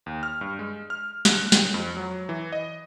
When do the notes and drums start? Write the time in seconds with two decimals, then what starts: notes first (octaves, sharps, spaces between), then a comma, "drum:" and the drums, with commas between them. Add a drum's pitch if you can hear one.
0.06 D#2
0.23 F6
0.41 G2
0.59 G#3
0.90 F6
1.25 F#6, drum: snare
1.52 drum: snare
1.74 F2
1.97 F#3
2.29 E3
2.52 D#5